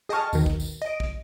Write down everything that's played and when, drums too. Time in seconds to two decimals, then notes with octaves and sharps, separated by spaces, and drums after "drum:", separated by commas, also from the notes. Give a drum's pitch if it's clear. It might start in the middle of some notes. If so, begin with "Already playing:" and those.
0.09 G#4 D#5 G5 A5 C#6 F6
0.33 D#2 B2 D#3, drum: tambourine
0.46 drum: kick
0.60 drum: tambourine
0.82 D#5 D7
1.00 drum: kick